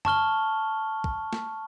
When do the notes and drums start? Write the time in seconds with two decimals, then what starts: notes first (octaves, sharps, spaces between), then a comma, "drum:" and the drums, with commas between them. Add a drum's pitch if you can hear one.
0.05 A5 C#6 F6 G7, drum: tom F2
1.04 drum: kick
1.33 drum: snare